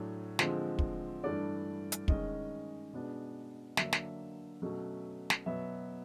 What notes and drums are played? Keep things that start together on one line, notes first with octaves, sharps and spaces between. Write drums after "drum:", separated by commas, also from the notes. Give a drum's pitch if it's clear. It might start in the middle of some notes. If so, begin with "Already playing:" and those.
Already playing: A2 F#3 A3 D4
D3 F3 G#3 C4, drum: snare
drum: kick
G2 E3 A3 D4 D5
drum: hi-hat
D#3 G#3 C#4 D#5, drum: kick
B2 G#3 B3 D4
D3 F#3 A#3 D4 E5, drum: snare
drum: snare
B2 F#3 A3 C#4
drum: snare
B2 F#3 B3 E5